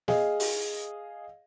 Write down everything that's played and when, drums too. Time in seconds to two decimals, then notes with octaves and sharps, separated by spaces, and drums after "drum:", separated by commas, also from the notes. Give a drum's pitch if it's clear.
0.08 G#4 D#5 F5, drum: snare
0.40 drum: open hi-hat